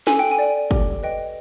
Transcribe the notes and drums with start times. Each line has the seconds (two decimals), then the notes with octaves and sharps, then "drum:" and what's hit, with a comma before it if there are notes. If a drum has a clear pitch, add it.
0.07 A4 G#5, drum: snare C#4
0.19 G5
0.31 G#5
0.39 D5 G5
0.71 G4, drum: kick
1.03 B4 D#5 G5